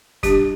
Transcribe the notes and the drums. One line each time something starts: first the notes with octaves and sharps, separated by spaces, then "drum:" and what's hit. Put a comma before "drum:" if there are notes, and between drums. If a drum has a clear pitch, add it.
G3 D4 G4, drum: kick, hi-hat